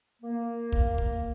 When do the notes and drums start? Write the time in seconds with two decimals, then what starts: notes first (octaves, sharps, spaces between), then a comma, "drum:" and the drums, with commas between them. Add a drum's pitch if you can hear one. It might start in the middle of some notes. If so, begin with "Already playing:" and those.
0.22 A#3
0.73 drum: kick
0.98 drum: kick